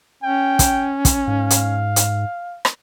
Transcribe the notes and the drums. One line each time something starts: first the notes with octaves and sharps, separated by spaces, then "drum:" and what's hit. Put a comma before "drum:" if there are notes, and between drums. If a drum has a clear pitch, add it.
C#4 G5
drum: kick, hi-hat
drum: kick, hi-hat
G#2 F5
drum: hi-hat
drum: hi-hat
drum: rim click